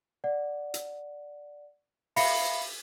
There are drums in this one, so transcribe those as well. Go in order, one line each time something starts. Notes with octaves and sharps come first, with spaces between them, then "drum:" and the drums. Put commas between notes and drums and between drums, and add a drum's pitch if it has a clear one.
D5 F#5
drum: hi-hat
E5 F5 B5 A#6 C7 C#7, drum: open hi-hat